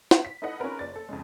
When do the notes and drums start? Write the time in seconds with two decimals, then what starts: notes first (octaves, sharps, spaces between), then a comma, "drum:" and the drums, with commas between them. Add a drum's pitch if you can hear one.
0.11 drum: snare
0.25 B6
0.42 D#4 E4 A4 B4 D#5 F#5
0.60 C#4 D#4 F4 G#4 A#4 B4
0.79 F#1 D5 A6
0.96 A4
1.09 F2 C#3 G#3